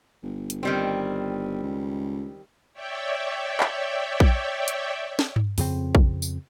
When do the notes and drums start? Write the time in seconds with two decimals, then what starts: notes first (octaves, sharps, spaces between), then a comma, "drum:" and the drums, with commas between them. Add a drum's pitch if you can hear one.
0.23 G1
0.50 drum: hi-hat
0.63 D#3 G3 C4
1.63 C#2
2.74 C#5 D5 E5 G5
3.60 drum: clap
4.20 drum: kick A#1
4.68 drum: hi-hat
5.19 drum: snare
5.36 drum: tom G2
5.58 F2 C#3 C4, drum: open hi-hat
5.95 drum: kick A#1
6.22 drum: tambourine